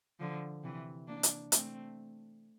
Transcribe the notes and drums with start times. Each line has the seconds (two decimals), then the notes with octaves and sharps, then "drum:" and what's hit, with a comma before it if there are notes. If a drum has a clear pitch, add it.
0.19 D3 F3
0.63 C3 E3
1.07 A#3 D4
1.23 drum: hi-hat
1.52 A3 C4, drum: hi-hat